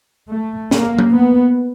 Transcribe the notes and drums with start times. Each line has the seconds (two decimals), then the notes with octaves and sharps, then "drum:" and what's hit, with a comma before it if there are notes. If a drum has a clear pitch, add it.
0.31 A3
0.71 A#3, drum: snare
0.99 drum: tom F#3
1.12 B3